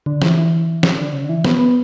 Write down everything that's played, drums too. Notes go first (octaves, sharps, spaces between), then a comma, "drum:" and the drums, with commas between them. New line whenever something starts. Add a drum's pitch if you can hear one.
D3
E3, drum: snare
E3
drum: snare
D3
C#3
D3
E3
B3, drum: snare
B3